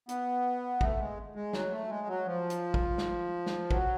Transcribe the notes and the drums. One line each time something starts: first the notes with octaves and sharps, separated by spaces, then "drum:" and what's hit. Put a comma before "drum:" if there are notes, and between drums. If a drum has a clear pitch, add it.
B3, drum: hi-hat
A3, drum: kick G#1
G#3
G#3
F#3, drum: snare
A3
G#3
F#3
F3
drum: hi-hat
drum: kick G#1
drum: snare
drum: snare
F#3, drum: kick G#1